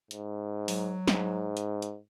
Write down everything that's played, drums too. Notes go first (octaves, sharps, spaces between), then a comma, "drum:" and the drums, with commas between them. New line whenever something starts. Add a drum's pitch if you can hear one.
G#2, drum: hi-hat
F#3, drum: open hi-hat
G#2, drum: snare
drum: hi-hat
drum: hi-hat